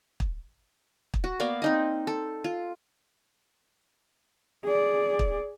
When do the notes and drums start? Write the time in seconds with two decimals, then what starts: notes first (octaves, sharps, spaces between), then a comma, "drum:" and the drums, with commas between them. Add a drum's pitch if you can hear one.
0.20 drum: kick
1.14 drum: kick
1.24 F#4
1.40 A#3 B3 D5 F5
1.62 C4 D#4 D#5
2.07 A4
2.44 F4
4.64 G#4 D5
5.19 drum: kick